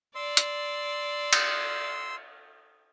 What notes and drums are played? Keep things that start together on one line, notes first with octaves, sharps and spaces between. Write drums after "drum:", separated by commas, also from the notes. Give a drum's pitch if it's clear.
D5 C6 E6
drum: hi-hat
drum: cymbal